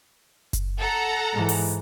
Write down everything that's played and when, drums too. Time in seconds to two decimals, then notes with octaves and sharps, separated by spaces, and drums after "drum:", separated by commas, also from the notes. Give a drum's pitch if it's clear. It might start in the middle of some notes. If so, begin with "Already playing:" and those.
0.53 drum: kick F#1, hi-hat
0.77 A4 F#5 A#5
1.33 G#2 E3
1.49 drum: open hi-hat